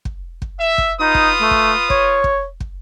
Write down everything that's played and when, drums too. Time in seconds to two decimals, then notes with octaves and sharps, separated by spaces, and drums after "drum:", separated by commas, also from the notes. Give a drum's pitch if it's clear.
0.05 drum: kick
0.42 drum: kick
0.60 E5
0.78 drum: kick
1.00 D#4 F4 B4 D#6
1.15 drum: kick
1.41 A3
1.51 drum: kick
1.90 C#5, drum: kick
2.24 drum: kick
2.60 drum: kick